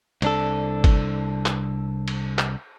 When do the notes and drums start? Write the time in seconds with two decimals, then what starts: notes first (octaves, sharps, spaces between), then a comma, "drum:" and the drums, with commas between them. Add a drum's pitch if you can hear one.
0.22 C2 D4 A4, drum: cymbal
0.84 drum: kick G1, cymbal
1.46 drum: clap
2.08 drum: cymbal
2.38 drum: clap